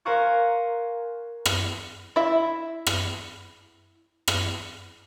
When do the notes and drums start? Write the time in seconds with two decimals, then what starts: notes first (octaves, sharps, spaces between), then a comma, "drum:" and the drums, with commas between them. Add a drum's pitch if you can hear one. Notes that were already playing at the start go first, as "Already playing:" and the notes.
0.05 A#4 C5 F5 G#5 C#6 F#6
1.45 drum: rim click
2.16 E4 E5
2.87 drum: rim click
4.28 drum: rim click